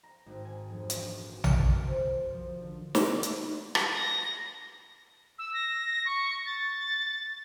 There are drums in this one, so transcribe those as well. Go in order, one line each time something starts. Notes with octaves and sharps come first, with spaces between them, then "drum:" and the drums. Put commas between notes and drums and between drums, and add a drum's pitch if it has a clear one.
A#5
G#1
G#5
F1
E1, drum: hi-hat
A#2
F#4
drum: tom A#1
A#4
C5
F3
D3
drum: snare
drum: hi-hat
drum: rim click
A#6
E6
A#6
C#6
A6